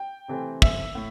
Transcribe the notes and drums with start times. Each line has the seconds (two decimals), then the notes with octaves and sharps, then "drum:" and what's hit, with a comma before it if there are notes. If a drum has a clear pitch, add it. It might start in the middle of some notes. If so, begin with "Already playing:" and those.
Already playing: G5
0.28 C3 E3 A3 C4
0.62 E5, drum: kick
0.95 A2